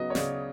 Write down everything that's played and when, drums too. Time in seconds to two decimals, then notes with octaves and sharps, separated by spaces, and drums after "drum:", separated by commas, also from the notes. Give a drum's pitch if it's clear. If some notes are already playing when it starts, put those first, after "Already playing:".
Already playing: C#3 F#3 B3 D#5
0.10 C#5
0.15 C#3 D5, drum: snare